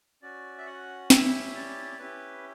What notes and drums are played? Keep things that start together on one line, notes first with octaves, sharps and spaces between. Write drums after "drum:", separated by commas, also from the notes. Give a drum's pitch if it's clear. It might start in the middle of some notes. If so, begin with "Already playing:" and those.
C#4 F#4 D5
E5
F#5
C#4 E4 G4 E5, drum: snare
D5
C#4 E4 G4 B4